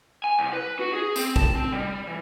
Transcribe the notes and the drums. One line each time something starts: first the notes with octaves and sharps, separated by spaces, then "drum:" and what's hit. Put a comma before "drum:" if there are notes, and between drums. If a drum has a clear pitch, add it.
G#5
C2
B4
F#4
G#4
C4, drum: tambourine
A5, drum: kick
C4
G3
E3